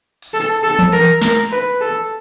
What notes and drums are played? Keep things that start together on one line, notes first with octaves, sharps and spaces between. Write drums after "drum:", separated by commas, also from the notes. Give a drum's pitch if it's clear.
drum: open hi-hat
A4
A4
drum: tom E3
A#4
A#4, drum: snare
B4
A4